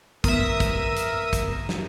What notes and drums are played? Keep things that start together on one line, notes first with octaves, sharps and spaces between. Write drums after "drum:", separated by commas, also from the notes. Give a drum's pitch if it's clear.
B3 A#4 E5 D#6, drum: kick, hi-hat
drum: kick, hi-hat
drum: hi-hat
drum: kick, hi-hat
drum: snare